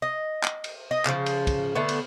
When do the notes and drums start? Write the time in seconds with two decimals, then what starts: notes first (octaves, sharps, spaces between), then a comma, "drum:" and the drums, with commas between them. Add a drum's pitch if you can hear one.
0.02 D#5
0.43 drum: clap
0.64 drum: cymbal
0.91 D#5
1.05 C#3 F3, drum: clap
1.26 drum: cymbal
1.47 drum: kick, cymbal
1.75 D3 A3 B3
1.89 drum: cymbal